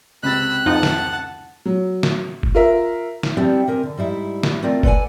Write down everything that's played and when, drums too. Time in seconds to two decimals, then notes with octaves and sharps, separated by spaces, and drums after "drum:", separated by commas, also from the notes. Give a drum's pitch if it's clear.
0.23 C#2 C3 B5 E6 F#6 A6
0.66 F2 D#4 F#5 A5
0.83 drum: snare
1.66 F#3
2.03 drum: snare
2.43 drum: kick F#1
2.55 F4 A#4 E5
3.23 drum: snare
3.37 G3 B3 C4 D4 E4 G4
3.68 C3 A#4 G#5
3.83 D3
3.97 G#2 G3 E4 E5
4.43 drum: snare
4.62 A3 C4 F4 A#4 D5
4.83 A4 B4 D5 D#5 F#5 G#5, drum: kick F#1